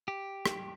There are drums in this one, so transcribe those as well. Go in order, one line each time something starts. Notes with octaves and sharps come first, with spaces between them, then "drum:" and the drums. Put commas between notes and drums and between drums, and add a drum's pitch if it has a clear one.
G4
drum: rim click